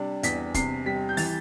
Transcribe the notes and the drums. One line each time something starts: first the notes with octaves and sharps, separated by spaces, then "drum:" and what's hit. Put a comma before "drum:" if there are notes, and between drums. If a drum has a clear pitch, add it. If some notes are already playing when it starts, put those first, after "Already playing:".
Already playing: C3 G3 D4
E2 B6, drum: hi-hat
C3 C7, drum: kick, hi-hat
G3 B6
G6
E3 A6, drum: open hi-hat